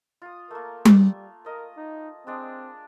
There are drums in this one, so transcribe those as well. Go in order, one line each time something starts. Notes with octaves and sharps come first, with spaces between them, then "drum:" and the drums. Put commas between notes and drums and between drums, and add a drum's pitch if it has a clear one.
F4 D#6
A3 A#3 A#4
drum: tom G3
G3
A#4 D#5
D#4
G#3 C4 D4